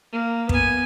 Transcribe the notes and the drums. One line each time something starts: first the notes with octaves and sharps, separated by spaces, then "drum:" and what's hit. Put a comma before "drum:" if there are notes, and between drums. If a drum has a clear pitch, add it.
A#3
B3 G#5, drum: kick